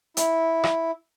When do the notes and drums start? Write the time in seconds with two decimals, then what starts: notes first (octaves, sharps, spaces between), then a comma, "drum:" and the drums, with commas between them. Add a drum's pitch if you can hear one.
0.17 E4, drum: hi-hat
0.64 drum: rim click